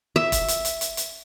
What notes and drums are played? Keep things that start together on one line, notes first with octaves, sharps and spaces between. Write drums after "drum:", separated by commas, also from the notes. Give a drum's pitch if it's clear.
E5
drum: kick, hi-hat
drum: hi-hat
drum: hi-hat
drum: hi-hat
drum: hi-hat